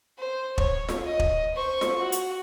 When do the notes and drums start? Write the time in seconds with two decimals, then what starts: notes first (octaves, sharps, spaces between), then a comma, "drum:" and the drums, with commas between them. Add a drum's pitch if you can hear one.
0.18 C5
0.58 C#5, drum: kick
0.89 drum: snare F4
1.05 D#5
1.19 drum: kick
1.55 C5 C#6
1.81 drum: snare F4
1.99 F#4
2.12 drum: hi-hat